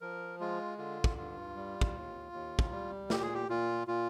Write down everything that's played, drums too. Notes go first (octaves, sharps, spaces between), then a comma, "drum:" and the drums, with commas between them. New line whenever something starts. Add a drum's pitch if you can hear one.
F3 A#4
G#3 F4
D3 F4
drum: kick
G2 F4
G3
drum: kick
D#2
D#2
drum: kick
G3
A#2 G4, drum: snare
G#4
G4
A#2 F4
A#2 F4